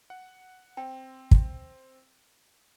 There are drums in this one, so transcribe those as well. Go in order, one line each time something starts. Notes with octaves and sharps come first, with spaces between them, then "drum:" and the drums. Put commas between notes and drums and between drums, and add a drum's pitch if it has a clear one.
F#5
C4 G5
drum: kick